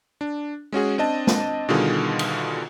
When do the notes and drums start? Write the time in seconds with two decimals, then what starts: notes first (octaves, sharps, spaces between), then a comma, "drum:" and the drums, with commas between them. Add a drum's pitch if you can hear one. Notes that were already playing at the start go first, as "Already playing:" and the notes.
0.21 D4
0.72 G#3 C#4 F#4 G#4
0.98 C4 D4 D#5 A5
1.27 drum: snare
1.69 B2 D3 D#3 G3 F4 G#4
2.19 drum: cymbal